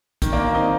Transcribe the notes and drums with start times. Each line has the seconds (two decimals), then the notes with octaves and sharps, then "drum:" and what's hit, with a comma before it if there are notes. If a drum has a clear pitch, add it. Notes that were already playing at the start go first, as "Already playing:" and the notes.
0.22 D#3, drum: kick, hi-hat
0.32 A#3 D4
0.43 A#3 D4
0.55 C4 D#4